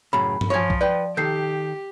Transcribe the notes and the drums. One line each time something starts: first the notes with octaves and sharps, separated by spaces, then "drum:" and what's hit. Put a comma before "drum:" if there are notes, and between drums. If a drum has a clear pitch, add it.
F#2 A2 C#3 B5
drum: tom G2
F3 C#5 G#5
drum: kick B1
B4 D5 G5
D#3 G4 A4 G6 C7